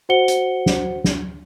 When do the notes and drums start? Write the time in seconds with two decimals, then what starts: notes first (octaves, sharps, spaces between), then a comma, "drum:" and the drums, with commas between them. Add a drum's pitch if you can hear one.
0.09 F#4 C5 F#5 C#7 G7
0.28 drum: hi-hat
0.66 drum: snare
1.04 drum: snare